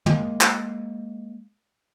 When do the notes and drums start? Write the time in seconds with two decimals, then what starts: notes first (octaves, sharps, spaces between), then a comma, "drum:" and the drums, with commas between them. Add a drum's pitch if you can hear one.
0.06 G#3 A#3, drum: tom
0.41 drum: clap